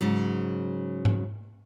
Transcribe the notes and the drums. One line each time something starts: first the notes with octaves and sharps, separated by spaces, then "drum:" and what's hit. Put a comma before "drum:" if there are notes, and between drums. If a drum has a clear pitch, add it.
G#2 C#3 F#3
drum: tom G#2